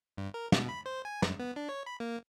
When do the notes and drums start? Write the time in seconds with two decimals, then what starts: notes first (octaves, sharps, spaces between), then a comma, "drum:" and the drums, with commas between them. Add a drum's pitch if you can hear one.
0.17 G2
0.34 A#4
0.52 B2, drum: snare
0.69 B5
0.86 C5
1.05 G#5
1.22 F#2, drum: snare
1.39 B3
1.56 D4
1.69 C#5
1.86 B5
2.00 A#3